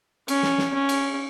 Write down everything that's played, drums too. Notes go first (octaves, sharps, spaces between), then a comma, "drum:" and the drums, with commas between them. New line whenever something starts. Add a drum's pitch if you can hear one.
C#4, drum: cymbal
drum: snare
drum: snare
C#4
drum: cymbal